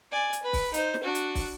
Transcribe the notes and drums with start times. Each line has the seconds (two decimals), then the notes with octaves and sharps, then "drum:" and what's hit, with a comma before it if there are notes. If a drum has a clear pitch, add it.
0.12 D5 G#5
0.33 drum: hi-hat
0.43 B4 B5
0.53 drum: kick, open hi-hat
0.74 D#4 C5, drum: hi-hat
0.94 drum: snare
1.03 D4 F#4
1.15 drum: hi-hat
1.35 drum: kick, open hi-hat